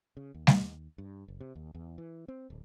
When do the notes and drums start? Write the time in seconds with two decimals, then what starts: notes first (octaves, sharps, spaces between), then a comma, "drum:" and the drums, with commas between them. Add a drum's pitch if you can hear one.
0.17 C#3
0.34 D#2
0.47 drum: snare G3
0.98 G2
1.28 F#1
1.40 C3
1.55 D#2
1.75 E2
1.98 E3
2.28 C4
2.50 D1